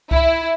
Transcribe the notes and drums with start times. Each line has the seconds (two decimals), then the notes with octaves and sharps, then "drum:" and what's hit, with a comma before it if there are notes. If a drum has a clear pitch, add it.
0.11 E4, drum: kick C2